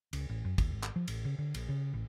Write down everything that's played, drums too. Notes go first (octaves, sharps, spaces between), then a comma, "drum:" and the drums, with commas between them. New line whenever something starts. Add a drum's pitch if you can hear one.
C#2, drum: cymbal
A1
F#2
D#2, drum: kick, cymbal
G#1
drum: clap
F3
A1, drum: cymbal
C#3
D3
A#1, drum: cymbal
C#3
A1